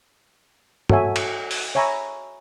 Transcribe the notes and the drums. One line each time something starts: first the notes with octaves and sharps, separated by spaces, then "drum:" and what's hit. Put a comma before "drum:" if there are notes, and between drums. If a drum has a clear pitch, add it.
F#4 A4 C#5 E5 G#5, drum: tom
drum: cymbal
drum: open hi-hat
C#5 E5 G#5 A#5 B5 C#6